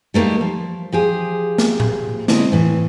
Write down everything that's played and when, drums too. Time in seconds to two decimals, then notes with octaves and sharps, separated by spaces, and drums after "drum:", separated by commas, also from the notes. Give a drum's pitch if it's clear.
0.14 G3 A3 A#3 D#4 G4
0.41 F3
0.92 F3 G4 G#4
1.58 drum: snare
1.80 drum: tom A2
2.28 D3 G#3 C4 D#4 E4, drum: snare
2.52 A2 E3